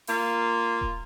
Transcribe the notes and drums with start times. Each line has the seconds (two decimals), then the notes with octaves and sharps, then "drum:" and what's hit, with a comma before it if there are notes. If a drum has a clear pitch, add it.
0.07 A#3 F4, drum: open hi-hat
0.81 drum: kick D#1